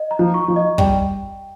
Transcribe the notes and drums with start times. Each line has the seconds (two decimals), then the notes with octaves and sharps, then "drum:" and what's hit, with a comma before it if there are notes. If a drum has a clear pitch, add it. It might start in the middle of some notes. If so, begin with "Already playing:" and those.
Already playing: D#5
0.11 A#5
0.19 F3
0.34 C#6
0.48 F3
0.56 D#5
0.78 G3 G5, drum: kick